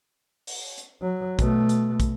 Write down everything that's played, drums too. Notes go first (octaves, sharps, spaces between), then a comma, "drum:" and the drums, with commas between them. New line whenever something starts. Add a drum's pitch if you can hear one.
drum: open hi-hat
drum: hi-hat
F#3
B2 A3, drum: kick, hi-hat
drum: hi-hat
drum: kick, hi-hat